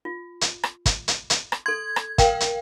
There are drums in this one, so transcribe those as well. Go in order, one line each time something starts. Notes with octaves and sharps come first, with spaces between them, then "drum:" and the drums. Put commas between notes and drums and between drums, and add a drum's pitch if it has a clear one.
F4
drum: hi-hat
drum: rim click
drum: kick, hi-hat
drum: hi-hat
drum: hi-hat
drum: rim click
A4 C6 G#6
drum: rim click
A#4 F5 G5, drum: kick, hi-hat
drum: hi-hat